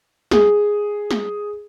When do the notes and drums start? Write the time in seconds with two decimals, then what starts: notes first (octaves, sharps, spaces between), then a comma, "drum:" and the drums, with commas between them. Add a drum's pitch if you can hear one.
0.31 G#4, drum: snare
1.11 drum: snare